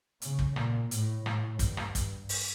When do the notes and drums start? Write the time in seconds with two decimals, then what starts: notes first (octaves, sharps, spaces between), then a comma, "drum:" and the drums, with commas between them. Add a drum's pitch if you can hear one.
0.22 C#3, drum: hi-hat
0.39 drum: kick
0.56 A#2, drum: rim click
0.91 A2, drum: hi-hat
1.26 A2, drum: rim click
1.59 G2, drum: kick, hi-hat
1.77 drum: rim click
1.95 G2, drum: kick, hi-hat
2.29 drum: open hi-hat